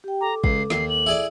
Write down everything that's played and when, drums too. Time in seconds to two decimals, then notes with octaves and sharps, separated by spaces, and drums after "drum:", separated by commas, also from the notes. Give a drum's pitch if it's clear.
0.04 G4 G5
0.21 A4 A#5 D6
0.44 C#2 C7, drum: kick
0.70 D#2 C7, drum: snare
0.90 F#7
1.06 E4 G#4 D5